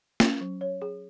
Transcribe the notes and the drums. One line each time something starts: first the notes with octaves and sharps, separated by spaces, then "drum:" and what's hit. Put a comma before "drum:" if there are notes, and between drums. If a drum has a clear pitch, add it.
C#4, drum: snare
F#3
C#5
G#4